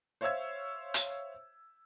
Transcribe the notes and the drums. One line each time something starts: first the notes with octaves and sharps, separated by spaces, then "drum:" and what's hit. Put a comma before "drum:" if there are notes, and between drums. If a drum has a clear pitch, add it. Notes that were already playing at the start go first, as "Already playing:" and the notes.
C5 C#5 E5 F5 E6 G#6
drum: hi-hat